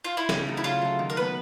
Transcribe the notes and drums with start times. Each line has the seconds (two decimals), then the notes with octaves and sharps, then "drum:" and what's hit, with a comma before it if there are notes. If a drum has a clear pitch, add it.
0.04 F4
0.17 E4
0.29 C#3 D#4, drum: snare
0.47 F#3 A3
0.57 E4
0.64 C#3 F4
0.82 F#3 A3
0.99 D#3
1.10 A#4
1.16 F#3 B3 B4